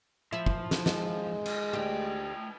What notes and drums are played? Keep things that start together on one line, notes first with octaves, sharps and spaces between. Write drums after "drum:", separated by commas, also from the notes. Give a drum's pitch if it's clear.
F3 E4
drum: kick
drum: snare
G#3, drum: snare
drum: cymbal
D2 A3 G4 G5